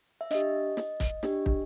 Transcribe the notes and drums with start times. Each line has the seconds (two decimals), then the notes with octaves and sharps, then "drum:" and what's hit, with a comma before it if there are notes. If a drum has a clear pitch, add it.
0.21 E5
0.31 D4 G4 D#5, drum: hi-hat
0.77 drum: snare
1.00 drum: kick, hi-hat
1.23 D4 G4, drum: snare
1.46 drum: kick